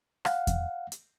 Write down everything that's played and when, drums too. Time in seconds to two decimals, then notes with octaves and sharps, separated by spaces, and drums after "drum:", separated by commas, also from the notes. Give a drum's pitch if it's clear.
0.25 F5 F#5, drum: rim click
0.47 drum: kick E2, hi-hat
0.92 drum: hi-hat